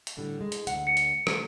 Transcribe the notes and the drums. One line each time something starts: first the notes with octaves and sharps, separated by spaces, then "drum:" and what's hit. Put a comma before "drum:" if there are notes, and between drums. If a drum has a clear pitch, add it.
drum: hi-hat
A2 D3 G3
G#3
drum: hi-hat
D2 F#5, drum: hi-hat
C#7
drum: hi-hat
A3, drum: rim click